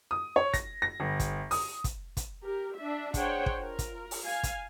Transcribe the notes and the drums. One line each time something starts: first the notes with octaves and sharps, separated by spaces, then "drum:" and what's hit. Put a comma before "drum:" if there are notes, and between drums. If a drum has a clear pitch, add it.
D#6
C#5
A#6, drum: kick, hi-hat
A#6
G1
drum: kick, hi-hat
D#6, drum: open hi-hat
drum: kick, hi-hat
drum: kick, hi-hat
G4 A#4
D4 E5
D4 G#4 C5 C#5 F#5 G5, drum: kick, hi-hat
drum: kick
F4 A#4
drum: kick, hi-hat
drum: open hi-hat
F5 G#5
drum: kick, hi-hat